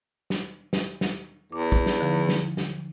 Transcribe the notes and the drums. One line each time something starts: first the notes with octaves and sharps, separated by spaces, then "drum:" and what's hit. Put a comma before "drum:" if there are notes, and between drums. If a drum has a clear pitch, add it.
drum: snare
drum: snare
drum: snare
E2 D6
drum: kick
drum: snare
D3 F3 D#4
drum: snare
drum: snare